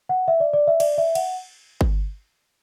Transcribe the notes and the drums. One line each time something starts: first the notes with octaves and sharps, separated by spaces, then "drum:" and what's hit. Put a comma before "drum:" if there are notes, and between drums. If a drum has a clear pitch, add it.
F#5
E5
D5
D5
E5
D5, drum: cymbal
E5
F#5, drum: cymbal
drum: kick G1